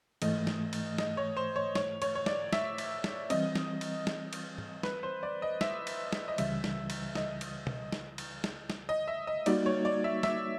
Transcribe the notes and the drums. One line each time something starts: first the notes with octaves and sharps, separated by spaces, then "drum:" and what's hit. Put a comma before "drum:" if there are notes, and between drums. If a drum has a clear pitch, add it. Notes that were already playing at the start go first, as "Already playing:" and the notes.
G#2 E3 A3 D#5, drum: cymbal
drum: snare
drum: cymbal
D#5, drum: snare
C#5
C5
C#5
C#5, drum: snare
C#5, drum: cymbal
C#5
D5, drum: snare
E5, drum: snare
drum: cymbal
drum: snare
E3 G3 C4 D#5, drum: cymbal
drum: snare
drum: cymbal
drum: snare
drum: cymbal
drum: tom
B4, drum: snare
C5
D5
D#5
E5, drum: snare
drum: cymbal
drum: snare
D#5
C#2 C#3 E3 G3 E5, drum: cymbal
drum: snare
drum: cymbal
D#5, drum: snare
drum: cymbal
drum: tom B2
drum: snare
drum: cymbal
drum: snare
drum: snare
D#5
E5
D#5
G3 A#3 D#4 F#4 D5, drum: cymbal
C#5
D5
E5
E5, drum: snare